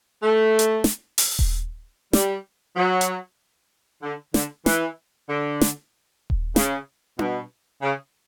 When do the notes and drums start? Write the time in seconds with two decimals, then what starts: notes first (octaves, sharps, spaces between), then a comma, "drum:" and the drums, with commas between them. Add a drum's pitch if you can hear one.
0.23 A3
0.59 drum: hi-hat
0.84 drum: snare
1.18 drum: open hi-hat
1.39 drum: kick D#1
2.13 G3, drum: snare
2.76 F#3
3.01 drum: hi-hat
4.03 D3
4.34 D3, drum: snare
4.66 E3, drum: snare
5.29 D3
5.61 drum: snare
6.30 drum: kick D#1
6.56 C#3, drum: snare
7.19 B2, drum: tom D4
7.82 C#3